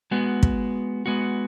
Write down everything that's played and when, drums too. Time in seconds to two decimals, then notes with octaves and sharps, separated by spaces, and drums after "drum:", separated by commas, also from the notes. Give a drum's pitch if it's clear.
0.11 G#3 B3 F#4
0.43 drum: kick
1.06 G#3 B3 F#4